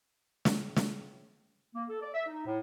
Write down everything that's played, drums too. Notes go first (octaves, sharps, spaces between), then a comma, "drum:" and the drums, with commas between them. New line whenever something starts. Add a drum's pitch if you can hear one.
drum: snare
drum: snare
A#3
A4
D5
E5
D#4
A2